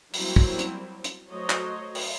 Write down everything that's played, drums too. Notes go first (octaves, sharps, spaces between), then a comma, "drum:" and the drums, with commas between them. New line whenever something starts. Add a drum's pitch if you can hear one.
F#3 G3 A#3 C4 E4, drum: open hi-hat
drum: kick
drum: hi-hat
drum: hi-hat
F#3 A3 F#4 C5 C#5 D#5
drum: clap
drum: open hi-hat